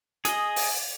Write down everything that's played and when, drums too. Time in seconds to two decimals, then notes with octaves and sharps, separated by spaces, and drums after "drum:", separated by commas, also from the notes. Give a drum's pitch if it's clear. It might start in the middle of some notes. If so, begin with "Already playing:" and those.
0.25 G#4 D#5, drum: hi-hat
0.56 drum: open hi-hat